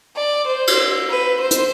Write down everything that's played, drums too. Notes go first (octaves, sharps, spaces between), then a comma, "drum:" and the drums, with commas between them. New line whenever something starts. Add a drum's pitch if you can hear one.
D5
C5
drum: cymbal
B4
C5
drum: hi-hat